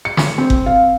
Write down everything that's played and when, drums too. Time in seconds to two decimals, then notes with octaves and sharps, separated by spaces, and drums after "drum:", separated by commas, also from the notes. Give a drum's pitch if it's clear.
0.05 C#7
0.17 drum: snare
0.38 C4
0.50 drum: kick F#1
0.66 F5